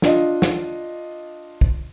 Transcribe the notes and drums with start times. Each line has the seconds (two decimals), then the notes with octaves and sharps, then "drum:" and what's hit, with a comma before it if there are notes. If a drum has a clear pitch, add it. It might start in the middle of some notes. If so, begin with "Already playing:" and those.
0.02 D4 F4 D#5, drum: snare
0.42 drum: snare
1.61 drum: kick